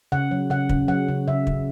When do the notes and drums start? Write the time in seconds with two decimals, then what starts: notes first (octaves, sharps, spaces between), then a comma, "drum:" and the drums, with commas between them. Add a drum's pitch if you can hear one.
0.12 C#3 F#5
0.31 F#3
0.50 C#3 F#5
0.69 C#3, drum: kick
0.88 F#3 F#5
1.08 C#3
1.28 C#3 E5
1.47 C#3, drum: kick